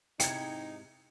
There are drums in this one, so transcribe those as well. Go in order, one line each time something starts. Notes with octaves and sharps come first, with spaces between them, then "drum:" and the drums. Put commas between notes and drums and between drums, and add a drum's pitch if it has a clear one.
G#2 C3 D#4 E4 G5 G#6 C#7, drum: hi-hat